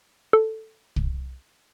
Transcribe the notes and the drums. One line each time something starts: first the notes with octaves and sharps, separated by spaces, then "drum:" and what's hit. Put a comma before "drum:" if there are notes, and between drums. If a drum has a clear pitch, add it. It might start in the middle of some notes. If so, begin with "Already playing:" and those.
A4
drum: kick